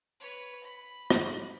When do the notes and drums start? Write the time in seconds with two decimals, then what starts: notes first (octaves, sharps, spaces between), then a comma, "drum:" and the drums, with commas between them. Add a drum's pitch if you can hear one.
0.20 B4 C#5
0.64 B5
1.10 drum: rim click